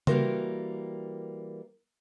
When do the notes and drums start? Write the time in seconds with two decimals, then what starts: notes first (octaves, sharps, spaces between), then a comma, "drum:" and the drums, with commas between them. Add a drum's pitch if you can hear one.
0.07 E3 G3 A#3 F#4 A#4 C5, drum: tom C#3